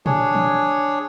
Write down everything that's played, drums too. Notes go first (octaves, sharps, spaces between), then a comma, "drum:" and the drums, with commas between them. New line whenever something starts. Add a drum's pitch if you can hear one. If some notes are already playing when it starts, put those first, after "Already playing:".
D4 G#4 C#5, drum: tom A#2
drum: tom